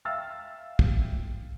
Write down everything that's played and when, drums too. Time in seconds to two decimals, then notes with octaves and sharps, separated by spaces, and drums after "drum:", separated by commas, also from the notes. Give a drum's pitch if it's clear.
0.05 E5 F5 G5 E6 F6 A6
0.79 drum: kick